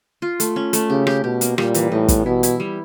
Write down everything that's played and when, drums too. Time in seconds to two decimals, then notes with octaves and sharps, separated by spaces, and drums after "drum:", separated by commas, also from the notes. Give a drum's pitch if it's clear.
0.22 F4
0.40 A3, drum: hi-hat
0.56 C#4
0.73 A3, drum: hi-hat
0.90 C#3 G4
1.07 G4, drum: rim click
1.24 B2 G4
1.41 A#3, drum: hi-hat
1.58 A#2 G3, drum: rim click
1.74 E3, drum: hi-hat
1.91 A2 D#4
2.08 B3, drum: kick, hi-hat
2.26 B2 E4
2.43 E4, drum: hi-hat
2.60 G3